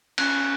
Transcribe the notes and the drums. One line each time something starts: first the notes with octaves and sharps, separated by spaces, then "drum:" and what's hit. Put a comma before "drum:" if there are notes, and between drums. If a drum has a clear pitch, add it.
C#4 F#6, drum: cymbal